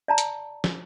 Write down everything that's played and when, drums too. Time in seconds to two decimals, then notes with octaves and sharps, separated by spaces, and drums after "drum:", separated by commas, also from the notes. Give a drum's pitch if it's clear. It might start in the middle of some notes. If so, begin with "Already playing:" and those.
0.08 D5 A5 A#5
0.18 drum: hi-hat
0.64 drum: snare